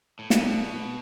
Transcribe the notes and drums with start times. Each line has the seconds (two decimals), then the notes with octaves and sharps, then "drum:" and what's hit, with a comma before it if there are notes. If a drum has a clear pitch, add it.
0.19 A2
0.30 B2, drum: snare